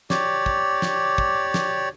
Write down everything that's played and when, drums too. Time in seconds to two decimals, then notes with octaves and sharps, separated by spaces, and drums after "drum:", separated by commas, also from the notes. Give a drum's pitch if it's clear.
0.10 G4 C#5 D5, drum: snare
0.46 drum: kick
0.82 drum: snare
1.18 drum: kick
1.54 drum: snare